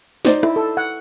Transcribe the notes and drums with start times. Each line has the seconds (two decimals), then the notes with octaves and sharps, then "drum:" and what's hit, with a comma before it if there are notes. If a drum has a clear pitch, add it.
0.25 D#4 C5 D5, drum: snare
0.43 E4, drum: rim click
0.56 A4
0.77 F#5